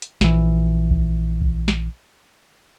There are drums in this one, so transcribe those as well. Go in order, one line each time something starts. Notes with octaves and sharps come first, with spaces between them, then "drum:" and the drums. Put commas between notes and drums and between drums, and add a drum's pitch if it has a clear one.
drum: hi-hat
A#1 E3, drum: snare
drum: kick C2
drum: kick C2
drum: snare